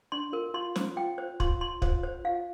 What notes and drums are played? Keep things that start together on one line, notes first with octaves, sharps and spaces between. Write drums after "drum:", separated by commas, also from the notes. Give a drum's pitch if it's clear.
D4 C6
F4 A#4
F4 C6
C5, drum: snare
F4 G5
C5
F4 C6, drum: kick
C6
F4 C5, drum: kick
C5
F4 F5